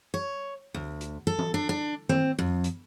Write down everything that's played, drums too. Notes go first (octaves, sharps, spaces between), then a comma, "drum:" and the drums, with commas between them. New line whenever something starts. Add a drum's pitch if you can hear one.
C#5
D2
drum: hi-hat
A4
drum: tom E3
D4
D4
C4, drum: tom D#3
F2
drum: hi-hat